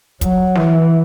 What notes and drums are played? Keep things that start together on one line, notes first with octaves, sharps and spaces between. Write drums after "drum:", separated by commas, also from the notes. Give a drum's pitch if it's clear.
F#3, drum: kick, hi-hat
E3, drum: snare